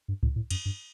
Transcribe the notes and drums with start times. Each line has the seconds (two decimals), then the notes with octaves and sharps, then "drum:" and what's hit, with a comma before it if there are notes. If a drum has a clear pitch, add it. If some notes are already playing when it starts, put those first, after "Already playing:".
0.08 G2
0.23 A2, drum: kick C#2
0.36 A2
0.50 F#2, drum: cymbal
0.65 G2